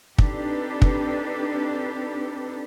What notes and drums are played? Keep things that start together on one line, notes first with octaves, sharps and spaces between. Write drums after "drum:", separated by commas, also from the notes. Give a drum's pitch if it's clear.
C4 D4 D#4 G4 A4 B4, drum: kick
drum: kick